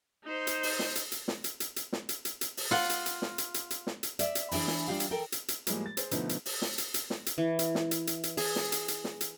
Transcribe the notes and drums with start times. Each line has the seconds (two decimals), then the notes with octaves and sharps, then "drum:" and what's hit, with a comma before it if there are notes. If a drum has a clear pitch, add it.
0.24 D#4 C5
0.47 drum: hi-hat
0.63 drum: open hi-hat
0.79 drum: snare
0.95 drum: hi-hat
1.12 drum: hi-hat
1.28 drum: snare
1.44 drum: hi-hat
1.60 drum: hi-hat
1.76 drum: hi-hat
1.93 drum: snare
2.09 drum: hi-hat
2.25 drum: hi-hat
2.41 drum: hi-hat
2.57 drum: open hi-hat
2.71 F4 F#5, drum: snare
2.90 drum: hi-hat
3.06 drum: hi-hat
3.22 drum: snare
3.38 drum: hi-hat
3.54 drum: hi-hat
3.70 drum: hi-hat
3.87 drum: snare
4.03 drum: hi-hat
4.19 D5 E5, drum: hi-hat
4.35 drum: hi-hat
4.51 E3 D4 E4 G#4, drum: open hi-hat
4.68 drum: snare
4.88 G3 D4 F4 G4 F5
5.00 drum: hi-hat
5.11 A4 A#4 G5
5.32 drum: hi-hat
5.48 drum: hi-hat
5.67 A2 F3 G3 G#3 A#3, drum: hi-hat
5.86 A6
5.97 G#4 C5, drum: hi-hat
6.11 B2 D3 F3 A3 B3 D#4, drum: hi-hat
6.29 drum: hi-hat
6.46 drum: open hi-hat
6.62 drum: snare
6.78 drum: hi-hat
6.94 drum: hi-hat
7.10 drum: snare
7.26 drum: hi-hat
7.38 E3
7.59 drum: hi-hat
7.75 drum: snare
7.91 drum: hi-hat
8.07 drum: hi-hat
8.23 drum: hi-hat
8.37 G#4, drum: open hi-hat
8.56 drum: snare
8.72 drum: hi-hat
8.88 drum: hi-hat
9.04 drum: snare
9.21 drum: hi-hat